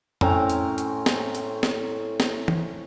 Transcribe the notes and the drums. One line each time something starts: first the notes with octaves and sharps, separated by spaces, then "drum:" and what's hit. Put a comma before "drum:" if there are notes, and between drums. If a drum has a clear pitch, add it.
A2 C4 C#4 A#5, drum: tom
drum: hi-hat
drum: hi-hat
drum: snare
drum: hi-hat
drum: snare
drum: snare
drum: tom